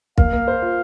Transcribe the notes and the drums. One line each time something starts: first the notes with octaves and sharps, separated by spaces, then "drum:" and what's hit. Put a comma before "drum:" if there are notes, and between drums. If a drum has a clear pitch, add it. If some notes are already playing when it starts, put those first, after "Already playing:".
A#3 F5, drum: kick
A#3
C5
F4